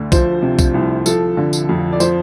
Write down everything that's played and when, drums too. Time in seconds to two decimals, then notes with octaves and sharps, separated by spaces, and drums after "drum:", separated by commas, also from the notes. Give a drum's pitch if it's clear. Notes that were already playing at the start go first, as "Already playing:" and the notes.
Already playing: D2 D3
0.12 F3 C5, drum: kick, tambourine
0.42 C3
0.59 drum: kick, tambourine
0.74 C2
1.06 F3 A4, drum: tambourine
1.37 D3
1.53 drum: tambourine
1.69 F2
1.93 D5
2.00 F3 C5, drum: tambourine